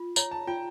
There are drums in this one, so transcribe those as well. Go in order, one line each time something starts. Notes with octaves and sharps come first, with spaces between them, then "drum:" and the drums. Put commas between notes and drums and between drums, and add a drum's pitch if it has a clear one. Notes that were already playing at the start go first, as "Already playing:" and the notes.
Already playing: F4
C#5 A#5, drum: tambourine
A5
F4 G5